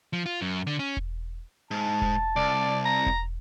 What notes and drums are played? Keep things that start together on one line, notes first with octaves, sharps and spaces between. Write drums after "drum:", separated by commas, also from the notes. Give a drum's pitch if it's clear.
F3
F4
F#2
D3
C#4
drum: kick E1
G#2 A5
drum: kick E1
C2 D5
A#5
drum: kick E1